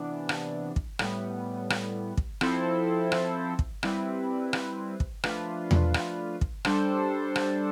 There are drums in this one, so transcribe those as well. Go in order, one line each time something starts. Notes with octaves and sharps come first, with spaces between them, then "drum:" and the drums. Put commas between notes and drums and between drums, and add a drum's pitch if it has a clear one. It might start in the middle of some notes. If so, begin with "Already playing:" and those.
Already playing: C3 E3 B3 D4
drum: rim click
drum: kick
A2 G3 B3, drum: rim click
drum: rim click
drum: kick
F3 C4 E4 A4 C5, drum: rim click
drum: rim click
drum: kick
G3 C4 E4 B4, drum: rim click
drum: rim click
drum: kick
F3 A3 D4 F4 B4, drum: rim click
drum: tom E2
drum: rim click
drum: kick
G3 D4 A4 C5, drum: rim click
drum: rim click